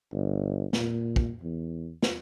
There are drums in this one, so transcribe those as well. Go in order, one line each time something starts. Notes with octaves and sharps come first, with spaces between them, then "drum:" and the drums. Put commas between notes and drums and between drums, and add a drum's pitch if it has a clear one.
G1
A#2, drum: snare
drum: kick
E2
drum: snare